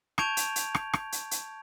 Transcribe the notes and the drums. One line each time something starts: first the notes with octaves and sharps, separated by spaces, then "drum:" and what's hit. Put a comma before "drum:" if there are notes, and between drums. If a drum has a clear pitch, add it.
A5 C#6 G6 G#6 D7 F7, drum: rim click
drum: hi-hat
drum: hi-hat
drum: rim click
drum: rim click
drum: hi-hat
drum: hi-hat